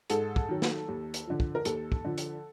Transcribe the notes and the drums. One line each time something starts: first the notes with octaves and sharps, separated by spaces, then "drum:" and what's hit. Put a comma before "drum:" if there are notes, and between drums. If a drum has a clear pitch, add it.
G#2 A4, drum: hi-hat
drum: kick
D#3 F#3
drum: snare
D#2
drum: hi-hat
D3 F3
drum: kick
A#4
D#2 A4, drum: hi-hat
drum: kick
D3 F3
drum: hi-hat